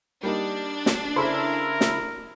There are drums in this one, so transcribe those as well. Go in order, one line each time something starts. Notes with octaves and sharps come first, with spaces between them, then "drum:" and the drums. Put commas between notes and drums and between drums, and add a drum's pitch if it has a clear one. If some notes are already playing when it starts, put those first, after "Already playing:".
G3 A#3 D4 D#4
drum: snare
C#3 E4 A4 A#4 C5
drum: snare